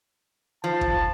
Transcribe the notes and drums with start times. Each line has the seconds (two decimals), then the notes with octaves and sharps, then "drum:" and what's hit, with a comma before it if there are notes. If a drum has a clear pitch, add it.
0.64 F3 A5
0.81 drum: kick